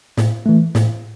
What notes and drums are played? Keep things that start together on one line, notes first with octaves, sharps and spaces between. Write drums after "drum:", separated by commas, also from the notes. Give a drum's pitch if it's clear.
A2, drum: snare
E3 A3
A2, drum: snare